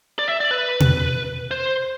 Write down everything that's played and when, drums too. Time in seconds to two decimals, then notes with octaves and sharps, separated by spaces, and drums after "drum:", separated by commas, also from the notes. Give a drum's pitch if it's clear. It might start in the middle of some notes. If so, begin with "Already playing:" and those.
0.19 D5
0.29 E5
0.41 D5
0.51 B4
0.80 drum: tom B2
1.51 C5